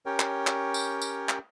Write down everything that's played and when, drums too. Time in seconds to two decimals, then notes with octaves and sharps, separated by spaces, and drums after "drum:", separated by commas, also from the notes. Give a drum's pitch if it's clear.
0.06 C#4 G4 A#4 C#5 G5
0.20 drum: clap
0.47 drum: clap
0.74 drum: tambourine
1.02 drum: tambourine
1.29 drum: clap